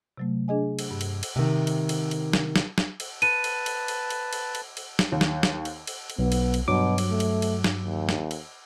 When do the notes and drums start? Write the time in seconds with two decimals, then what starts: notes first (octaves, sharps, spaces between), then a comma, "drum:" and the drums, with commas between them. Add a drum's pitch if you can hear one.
0.18 C3 F#3 A3
0.48 D4 G#4 D#5 G#5
0.79 drum: cymbal
0.91 G2
1.01 drum: cymbal
1.23 drum: cymbal
1.36 C3 D#3
1.67 drum: cymbal
1.89 drum: cymbal
2.11 drum: cymbal
2.33 drum: snare
2.56 drum: snare
2.78 drum: snare
3.00 drum: cymbal
3.22 B4 A5 D#7, drum: cymbal
3.44 drum: cymbal
3.66 drum: cymbal
3.88 drum: cymbal
4.10 drum: cymbal
4.33 drum: cymbal
4.55 drum: cymbal
4.77 drum: cymbal
4.99 drum: snare
5.12 D#2
5.21 drum: snare
5.43 drum: snare
5.65 drum: cymbal
5.87 drum: cymbal
6.10 drum: cymbal
6.19 B1 B3
6.32 drum: cymbal
6.54 drum: cymbal
6.68 G2 B2 F#3 D6
6.98 drum: cymbal
7.11 A3
7.20 drum: cymbal
7.42 drum: cymbal
7.64 drum: snare
7.83 D#2
8.09 drum: snare
8.31 drum: cymbal